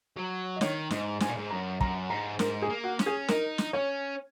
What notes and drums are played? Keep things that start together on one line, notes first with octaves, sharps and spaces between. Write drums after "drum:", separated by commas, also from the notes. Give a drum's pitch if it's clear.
F#3
D#5
D#3 C#5, drum: snare
G#2 D#5, drum: snare
G#2 G#5, drum: snare
A#2
G#2
F#2 A#5
F#2 A#5, drum: kick
G#2 A#5
G#2 A#4, drum: snare
G#4
A#3
F#4
C#4, drum: snare
G#4
D#4 A#4, drum: snare
drum: snare
C#4 C#5